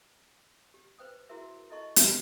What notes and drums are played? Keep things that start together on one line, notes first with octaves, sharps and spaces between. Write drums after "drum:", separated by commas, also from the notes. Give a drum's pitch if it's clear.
G4
B4 C5 G5 D#6
E4 F#4 G#4 A#4 E5
E4 A4 D#5 A5 C#6
A4 F#5, drum: hi-hat